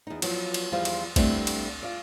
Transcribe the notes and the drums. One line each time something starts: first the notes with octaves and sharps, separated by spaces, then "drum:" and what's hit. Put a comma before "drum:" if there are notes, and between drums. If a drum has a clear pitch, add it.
E2 D#4
F3 F#3 B3, drum: cymbal
drum: cymbal
E2 F3 G3 F4 C5 F5
drum: cymbal
G3 A3 B3 C4 D4 E4, drum: kick, cymbal
drum: cymbal
F4 D5